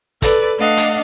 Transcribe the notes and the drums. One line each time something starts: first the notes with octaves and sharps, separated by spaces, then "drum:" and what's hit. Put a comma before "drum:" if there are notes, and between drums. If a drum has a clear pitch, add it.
A4 B4 D5, drum: kick, hi-hat
A3 D4 D#5 F5 F#5
drum: hi-hat